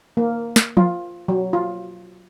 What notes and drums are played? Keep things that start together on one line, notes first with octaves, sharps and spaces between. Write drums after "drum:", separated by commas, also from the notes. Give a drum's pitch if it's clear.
A#3
drum: snare
F4, drum: tom F3
F#3
F4